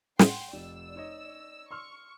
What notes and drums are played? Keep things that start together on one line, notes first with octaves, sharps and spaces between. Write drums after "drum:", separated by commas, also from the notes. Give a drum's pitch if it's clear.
A2 F#5 G5 C6, drum: snare
F1 D5 E6
D#4 C#5 D#5
C6 C#6 E6 F6